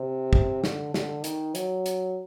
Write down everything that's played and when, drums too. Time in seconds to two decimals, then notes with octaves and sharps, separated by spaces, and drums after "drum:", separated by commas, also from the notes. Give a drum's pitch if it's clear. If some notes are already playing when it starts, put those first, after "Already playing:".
Already playing: C3
0.33 drum: kick
0.64 D3, drum: snare
0.94 D3, drum: snare
1.24 D#3, drum: hi-hat
1.55 F#3, drum: hi-hat
1.86 drum: hi-hat